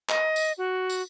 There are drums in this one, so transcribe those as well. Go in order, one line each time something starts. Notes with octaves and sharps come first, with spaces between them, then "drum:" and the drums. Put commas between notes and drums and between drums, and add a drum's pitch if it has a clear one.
D#5, drum: clap
drum: tambourine
F#4
drum: tambourine